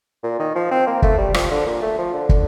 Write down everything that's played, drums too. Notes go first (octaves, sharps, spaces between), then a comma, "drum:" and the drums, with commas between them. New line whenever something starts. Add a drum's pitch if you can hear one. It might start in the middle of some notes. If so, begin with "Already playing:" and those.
A#2
D#3
F3
C4
A#3
A3, drum: kick
G3
F3, drum: rim click
D3
A#2
A3
F3
D3
drum: kick